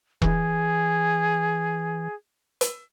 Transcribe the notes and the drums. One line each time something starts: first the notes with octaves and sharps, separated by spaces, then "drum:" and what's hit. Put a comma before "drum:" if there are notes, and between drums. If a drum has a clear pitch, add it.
E3 G#4, drum: kick E1
drum: hi-hat